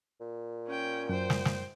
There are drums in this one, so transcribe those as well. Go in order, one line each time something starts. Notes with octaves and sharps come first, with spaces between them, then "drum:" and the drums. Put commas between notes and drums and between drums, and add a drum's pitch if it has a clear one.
A#2
C#4 G5
F#2 C5 G5
drum: snare
drum: snare